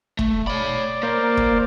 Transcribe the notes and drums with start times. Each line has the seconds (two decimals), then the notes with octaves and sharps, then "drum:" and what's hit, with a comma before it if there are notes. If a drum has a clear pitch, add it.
0.19 A3, drum: kick
0.47 C#5 D5 B5
1.03 A#3 A#4 C5 D5
1.37 drum: kick